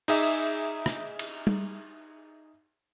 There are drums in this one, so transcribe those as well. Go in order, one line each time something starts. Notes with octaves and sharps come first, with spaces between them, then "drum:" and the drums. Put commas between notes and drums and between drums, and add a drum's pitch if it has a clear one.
D#4 G#4 E5, drum: cymbal
drum: rim click
drum: cymbal
drum: tom G3